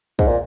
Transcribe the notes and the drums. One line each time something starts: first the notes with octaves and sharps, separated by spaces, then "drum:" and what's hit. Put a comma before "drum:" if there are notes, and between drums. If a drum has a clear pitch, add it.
G#2, drum: kick
A#2